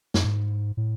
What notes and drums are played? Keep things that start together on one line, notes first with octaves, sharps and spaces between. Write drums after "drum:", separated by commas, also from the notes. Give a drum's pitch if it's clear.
F#2, drum: snare
G#2
A2